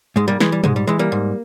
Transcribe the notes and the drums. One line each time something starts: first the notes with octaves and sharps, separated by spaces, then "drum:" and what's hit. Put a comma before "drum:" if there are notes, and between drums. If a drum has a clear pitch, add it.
G#2 G#3
G3 A#3
E3 G#3, drum: snare
G3
G#2 G#3, drum: tom
G3
E3 G#3
G3 A#3
G#2